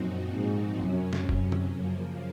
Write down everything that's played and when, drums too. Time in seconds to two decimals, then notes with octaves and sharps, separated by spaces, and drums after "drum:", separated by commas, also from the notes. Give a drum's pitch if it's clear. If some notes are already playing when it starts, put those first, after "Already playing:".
Already playing: F#2 A#2 F3 C4 D#4 F#4
0.35 G#2
0.81 F#2 C3 F#3 C#4
1.13 drum: snare
1.29 F#2, drum: kick
1.52 drum: tom D3
1.76 F#2 C#3 F3 A#3